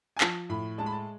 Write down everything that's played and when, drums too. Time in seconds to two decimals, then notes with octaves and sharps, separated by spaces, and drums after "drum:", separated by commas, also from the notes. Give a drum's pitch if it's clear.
0.16 G#5
0.21 F3 A5, drum: clap
0.49 A2 B5
0.78 G#3 A5
0.86 B5
0.93 A5